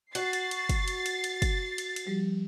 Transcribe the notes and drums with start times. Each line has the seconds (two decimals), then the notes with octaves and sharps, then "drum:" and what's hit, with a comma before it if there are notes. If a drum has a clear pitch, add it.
0.15 F#4 A6 C7, drum: cymbal
0.33 drum: cymbal
0.51 drum: cymbal
0.69 drum: kick, cymbal
0.88 drum: cymbal
1.06 drum: cymbal
1.24 drum: cymbal
1.42 drum: kick, cymbal
1.78 drum: cymbal
1.96 drum: cymbal
2.06 F3 G3 G4